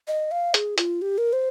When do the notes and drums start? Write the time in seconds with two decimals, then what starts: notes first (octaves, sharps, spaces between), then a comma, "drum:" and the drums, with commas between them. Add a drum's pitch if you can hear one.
0.08 D#5
0.31 F5
0.54 G#4, drum: hi-hat
0.78 F4, drum: hi-hat
1.02 G4
1.18 A#4
1.33 C5